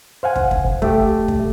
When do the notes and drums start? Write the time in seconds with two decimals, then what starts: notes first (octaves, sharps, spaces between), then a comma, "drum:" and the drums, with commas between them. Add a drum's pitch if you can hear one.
0.23 C5 F5 F#5 G#5
0.36 drum: kick
0.51 drum: kick
0.82 A3 G4, drum: kick
1.28 drum: kick